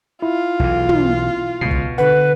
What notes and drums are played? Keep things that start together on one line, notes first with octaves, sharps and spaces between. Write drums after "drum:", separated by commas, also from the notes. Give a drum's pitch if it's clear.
E4 F4
B1 E3, drum: kick
drum: tom
C#2 B2 C7
drum: kick
D3 B4 F#5